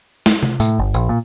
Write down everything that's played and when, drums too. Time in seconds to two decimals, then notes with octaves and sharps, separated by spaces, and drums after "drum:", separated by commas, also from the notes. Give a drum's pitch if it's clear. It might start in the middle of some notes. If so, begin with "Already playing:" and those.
0.26 drum: snare
0.43 drum: tom C3
0.60 A2, drum: tambourine
0.79 G1
0.94 A#1, drum: tambourine
1.09 A#2